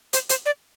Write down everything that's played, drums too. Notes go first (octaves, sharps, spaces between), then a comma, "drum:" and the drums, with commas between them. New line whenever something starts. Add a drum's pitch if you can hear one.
C5, drum: hi-hat
C5, drum: hi-hat
D5